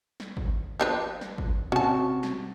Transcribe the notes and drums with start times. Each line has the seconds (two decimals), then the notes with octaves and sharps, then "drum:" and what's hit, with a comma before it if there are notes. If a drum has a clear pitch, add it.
0.20 drum: snare
0.37 drum: kick
0.80 F3 D4 B4
1.21 drum: snare
1.38 drum: kick
1.72 C3 C#4 F#4 A5
2.23 drum: snare